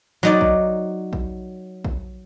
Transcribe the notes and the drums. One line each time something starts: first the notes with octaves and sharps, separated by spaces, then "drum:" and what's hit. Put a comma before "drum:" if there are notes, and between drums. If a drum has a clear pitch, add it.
F#3 D#4 D5
drum: kick A#1
drum: kick A#1
drum: kick A#1